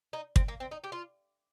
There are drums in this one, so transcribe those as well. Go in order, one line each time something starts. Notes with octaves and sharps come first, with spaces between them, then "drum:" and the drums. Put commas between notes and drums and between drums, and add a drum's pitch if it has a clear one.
D#4
C4, drum: kick
A#3
C4
D#4
G4
F4